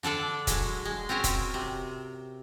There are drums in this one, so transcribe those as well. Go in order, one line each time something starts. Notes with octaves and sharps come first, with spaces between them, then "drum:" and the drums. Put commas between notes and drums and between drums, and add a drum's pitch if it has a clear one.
D3 D4 A4 D5
F#3 G#3, drum: kick, hi-hat
G#3
C4 C#4 F#4 A#4
drum: kick, hi-hat
C3